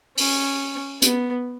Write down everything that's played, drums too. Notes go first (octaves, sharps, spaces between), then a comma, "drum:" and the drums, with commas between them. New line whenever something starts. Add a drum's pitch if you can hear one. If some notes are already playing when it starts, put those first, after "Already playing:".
C#4, drum: open hi-hat
B3, drum: hi-hat